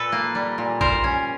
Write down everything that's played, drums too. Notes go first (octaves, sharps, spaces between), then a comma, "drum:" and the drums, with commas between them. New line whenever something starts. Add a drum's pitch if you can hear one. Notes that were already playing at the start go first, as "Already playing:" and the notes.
Already playing: A#2 A4 B4
A#3
G3
A#2
G3 A#4 C5, drum: kick A#1
C#4